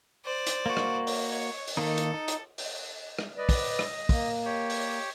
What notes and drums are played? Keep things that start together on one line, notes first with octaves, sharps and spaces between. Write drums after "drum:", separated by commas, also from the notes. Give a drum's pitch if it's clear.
C5 D5
drum: hi-hat
A#3 F#4
drum: rim click
drum: open hi-hat
C#5
drum: open hi-hat
D#3 A#3 D#4 A4
drum: hi-hat
D#4
drum: hi-hat
drum: open hi-hat
drum: rim click
B4 D5 D#5
drum: kick, open hi-hat
drum: rim click
A#3, drum: kick, open hi-hat
G4 C#5
drum: open hi-hat